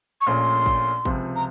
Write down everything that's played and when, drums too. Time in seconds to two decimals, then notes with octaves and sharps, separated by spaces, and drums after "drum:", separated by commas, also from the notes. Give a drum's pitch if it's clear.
0.21 C#6
0.27 A#1 A#2 A3 C#4 C6
0.66 drum: kick
1.05 C#2 C3 F3 C4, drum: kick
1.36 A#5